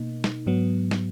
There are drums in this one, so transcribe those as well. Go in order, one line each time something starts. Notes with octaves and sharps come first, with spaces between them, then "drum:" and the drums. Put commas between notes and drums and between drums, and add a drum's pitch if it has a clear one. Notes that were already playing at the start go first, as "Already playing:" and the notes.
Already playing: B2 A#3 D#4
drum: snare
G#2 F#3 B3
drum: snare